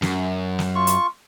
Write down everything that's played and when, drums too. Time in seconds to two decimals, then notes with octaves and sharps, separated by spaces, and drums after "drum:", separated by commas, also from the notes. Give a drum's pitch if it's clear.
0.02 F#2, drum: snare
0.59 drum: snare
0.75 F4 C#6
0.87 drum: hi-hat